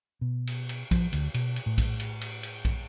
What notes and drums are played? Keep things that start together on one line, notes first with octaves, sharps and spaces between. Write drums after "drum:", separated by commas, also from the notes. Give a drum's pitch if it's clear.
B2
drum: cymbal
drum: cymbal
F3, drum: kick A#1, cymbal
D2, drum: cymbal
B2, drum: cymbal
drum: cymbal
A2
drum: kick A#1, cymbal
drum: cymbal
drum: cymbal
drum: cymbal
drum: kick A#1, cymbal